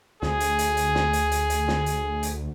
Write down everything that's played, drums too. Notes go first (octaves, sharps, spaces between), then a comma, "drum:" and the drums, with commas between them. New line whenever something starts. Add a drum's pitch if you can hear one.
D2 G#4, drum: snare
drum: hi-hat
drum: hi-hat
drum: hi-hat
drum: snare
drum: hi-hat
drum: hi-hat
drum: hi-hat
drum: snare
drum: hi-hat
drum: hi-hat